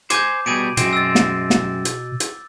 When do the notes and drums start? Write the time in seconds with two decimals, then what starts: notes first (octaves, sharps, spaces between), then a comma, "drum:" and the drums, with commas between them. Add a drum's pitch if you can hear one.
0.10 C5 G#5 D6 G6, drum: hi-hat
0.46 B2 G3 G#4 D7 D#7
0.77 F#2 B2 G#3 C4, drum: hi-hat
0.93 E6 A6
1.15 drum: snare
1.50 drum: snare
1.85 drum: hi-hat
2.20 drum: hi-hat